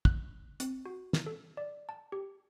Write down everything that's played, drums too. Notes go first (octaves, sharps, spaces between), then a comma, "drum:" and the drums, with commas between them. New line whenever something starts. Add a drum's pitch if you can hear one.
F#6, drum: kick
C4, drum: hi-hat
F#4
drum: snare
A4
D5
A5
G4